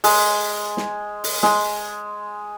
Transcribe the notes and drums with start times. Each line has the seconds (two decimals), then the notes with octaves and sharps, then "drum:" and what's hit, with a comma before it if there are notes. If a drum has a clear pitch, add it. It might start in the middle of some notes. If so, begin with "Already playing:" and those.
0.04 G#3, drum: open hi-hat
0.77 drum: snare
1.24 drum: open hi-hat
1.43 G#3, drum: snare